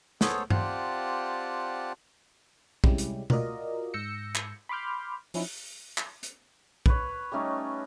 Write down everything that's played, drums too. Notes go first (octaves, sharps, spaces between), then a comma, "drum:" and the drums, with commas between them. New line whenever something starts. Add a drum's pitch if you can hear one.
B3 G#4 A4 C5 C#5, drum: snare
C4 F4 G4 D5 F#5 A5, drum: tom G2
C3 G3 G#3 C#4 E4 G4, drum: kick
drum: hi-hat
F4 F#4 A#4 D5 D#5, drum: tom B2
G#2 E6 G6 A#6 C#7
drum: clap
B5 C6 D6 F6 G6
F3 C#4 D#4 E4, drum: open hi-hat
drum: clap
drum: hi-hat
B4 C#5, drum: kick
G3 A3 C#4 D#4